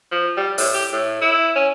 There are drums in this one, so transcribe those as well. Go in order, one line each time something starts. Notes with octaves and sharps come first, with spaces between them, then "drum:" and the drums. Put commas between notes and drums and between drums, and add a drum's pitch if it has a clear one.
F3
G3
A2, drum: open hi-hat
G4
A2
E4
C#4